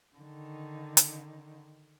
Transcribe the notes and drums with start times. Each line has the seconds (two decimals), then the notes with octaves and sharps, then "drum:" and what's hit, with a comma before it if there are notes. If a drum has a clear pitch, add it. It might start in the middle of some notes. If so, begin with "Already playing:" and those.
0.17 D3 D#3
0.97 drum: hi-hat